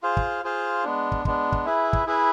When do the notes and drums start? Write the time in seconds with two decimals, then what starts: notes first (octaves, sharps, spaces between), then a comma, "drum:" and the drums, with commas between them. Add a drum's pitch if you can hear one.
0.03 F4 G#4 C5 F5
0.17 drum: kick
0.44 F4 G#4 C5 F5
0.84 G#3 B3 D4
1.12 drum: kick
1.25 G#3 B3 D4, drum: kick
1.52 drum: kick
1.65 E4 G#4 B4 E5
1.93 drum: kick
2.06 E4 G#4 B4 E5